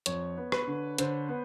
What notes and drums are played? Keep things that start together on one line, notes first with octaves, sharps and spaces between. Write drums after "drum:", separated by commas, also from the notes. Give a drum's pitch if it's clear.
F2 C#5, drum: hi-hat
B3
B4, drum: rim click
D3
D3 C5, drum: hi-hat
B3